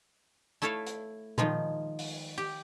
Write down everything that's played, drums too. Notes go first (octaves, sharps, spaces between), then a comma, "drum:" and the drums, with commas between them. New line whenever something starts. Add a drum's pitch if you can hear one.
A3 E4 A4 C#5 E5 F5
drum: hi-hat
D#3 F3 G#3, drum: tom A#2
drum: open hi-hat
G4